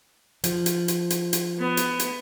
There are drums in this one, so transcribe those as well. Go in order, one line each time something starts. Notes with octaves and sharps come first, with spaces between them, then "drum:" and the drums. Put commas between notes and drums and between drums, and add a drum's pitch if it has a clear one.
F3, drum: hi-hat
drum: hi-hat
drum: hi-hat
drum: hi-hat
drum: hi-hat
B3
drum: hi-hat
drum: hi-hat